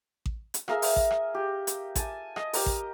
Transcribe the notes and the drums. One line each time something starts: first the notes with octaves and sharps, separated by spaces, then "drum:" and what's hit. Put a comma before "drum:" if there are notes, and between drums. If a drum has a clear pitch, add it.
drum: kick A1
drum: hi-hat
G#4 A#4 E5 F5, drum: rim click
drum: open hi-hat
drum: kick A1
drum: rim click
G4
drum: hi-hat
G#5 A5, drum: kick A1, hi-hat
D#5, drum: rim click
G4 A#4, drum: open hi-hat
drum: kick A1